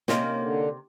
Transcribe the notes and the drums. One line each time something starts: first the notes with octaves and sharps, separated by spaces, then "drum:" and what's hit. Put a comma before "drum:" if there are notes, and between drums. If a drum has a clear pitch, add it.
C3 A#3 C#4 D#4, drum: snare
D3